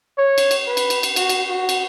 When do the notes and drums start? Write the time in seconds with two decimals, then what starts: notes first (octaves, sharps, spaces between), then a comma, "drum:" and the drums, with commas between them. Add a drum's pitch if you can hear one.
0.18 C#5
0.38 drum: cymbal
0.51 drum: cymbal
0.67 B4
0.77 drum: cymbal
0.90 drum: cymbal
1.03 drum: cymbal
1.16 F#4, drum: cymbal
1.29 drum: cymbal
1.49 F#4
1.69 drum: cymbal